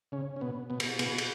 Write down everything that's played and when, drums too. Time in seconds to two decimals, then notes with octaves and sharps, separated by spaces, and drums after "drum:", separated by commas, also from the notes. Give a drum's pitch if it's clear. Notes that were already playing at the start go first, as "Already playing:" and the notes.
0.12 C#3 C#4
0.36 C#4
0.41 B2 B3
0.70 B2 B3
0.80 drum: cymbal
0.99 B2 B3, drum: cymbal
1.18 drum: cymbal